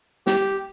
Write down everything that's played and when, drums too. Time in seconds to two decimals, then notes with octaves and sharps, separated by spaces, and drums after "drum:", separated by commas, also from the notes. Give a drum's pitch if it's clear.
0.27 G4, drum: snare